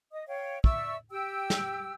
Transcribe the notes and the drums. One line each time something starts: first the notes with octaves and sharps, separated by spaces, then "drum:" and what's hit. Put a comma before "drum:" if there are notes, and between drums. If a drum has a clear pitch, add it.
D#5 D#6
C#5 F5 G5
D5 E5 C#6 E6, drum: kick
G4 G5 E6
drum: snare